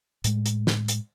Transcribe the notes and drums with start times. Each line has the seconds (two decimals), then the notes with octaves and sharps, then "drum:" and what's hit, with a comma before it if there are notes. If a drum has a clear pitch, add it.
0.24 A2 G#3, drum: hi-hat
0.46 drum: hi-hat
0.67 drum: snare
0.88 drum: hi-hat